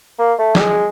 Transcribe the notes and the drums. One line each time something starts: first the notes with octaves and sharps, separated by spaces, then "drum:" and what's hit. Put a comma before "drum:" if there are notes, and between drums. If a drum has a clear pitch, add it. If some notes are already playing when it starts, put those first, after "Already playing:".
A#3
A3
G3, drum: snare
G#3